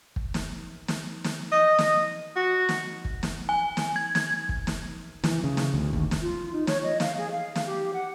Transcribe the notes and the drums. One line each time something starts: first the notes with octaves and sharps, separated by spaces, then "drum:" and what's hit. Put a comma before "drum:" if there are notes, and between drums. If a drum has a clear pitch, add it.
drum: kick
drum: snare
drum: snare
drum: snare
D#5
drum: snare
F#4
drum: snare
drum: kick
drum: snare
G#5
drum: snare
G#6
G#6, drum: snare
drum: kick
drum: snare
E3, drum: snare
C#3
drum: snare
D2
D#2, drum: kick
drum: snare
F4
D#4
C#5, drum: snare
D#5
F5, drum: snare
G#4
F5
drum: snare
G4
F#5